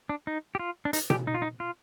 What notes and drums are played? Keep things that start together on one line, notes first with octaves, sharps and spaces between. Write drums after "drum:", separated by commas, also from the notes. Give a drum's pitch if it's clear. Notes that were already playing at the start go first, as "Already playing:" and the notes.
D4
D#4
G4
F4
D4
D#4, drum: hi-hat
G4, drum: tom B2
D#4
F4
D#4
F4